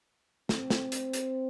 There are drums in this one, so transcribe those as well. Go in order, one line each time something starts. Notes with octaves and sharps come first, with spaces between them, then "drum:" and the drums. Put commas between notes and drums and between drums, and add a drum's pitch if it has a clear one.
C4, drum: snare
drum: snare
drum: hi-hat
drum: hi-hat